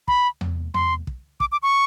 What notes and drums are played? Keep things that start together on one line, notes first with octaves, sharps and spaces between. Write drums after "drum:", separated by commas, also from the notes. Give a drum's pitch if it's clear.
B5, drum: kick
drum: tom E2
C6, drum: tom E2
drum: kick
D6, drum: kick
D6
C#6